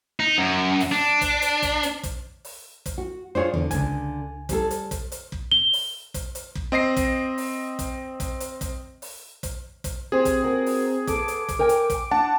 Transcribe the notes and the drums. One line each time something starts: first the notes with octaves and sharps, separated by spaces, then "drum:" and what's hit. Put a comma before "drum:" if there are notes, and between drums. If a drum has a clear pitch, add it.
D#4
F#2
drum: open hi-hat
D4
drum: kick, hi-hat
drum: hi-hat
drum: kick, hi-hat
drum: hi-hat
drum: kick, hi-hat
drum: open hi-hat
drum: kick, hi-hat
F#4
D4 F4 G#4 C5 C#5
E2 D3
C#2 G#5, drum: kick, hi-hat
G3 G#4 A4, drum: kick, hi-hat
drum: hi-hat
drum: kick, hi-hat
drum: hi-hat
drum: kick
G7
drum: open hi-hat
drum: kick, hi-hat
drum: hi-hat
drum: kick
C4 D#5 A#6 C7
drum: kick, hi-hat
drum: open hi-hat
drum: kick, hi-hat
drum: kick, hi-hat
drum: hi-hat
drum: kick, hi-hat
drum: open hi-hat
drum: kick, hi-hat
drum: kick, hi-hat
C4 G4 G#4 C5
drum: kick, hi-hat
F#4 A#4
drum: open hi-hat
B3 A4 D6, drum: kick, hi-hat
drum: hi-hat
drum: kick, hi-hat
A#4 G5 G#5
drum: hi-hat
drum: kick, hi-hat
D4 F#5 A5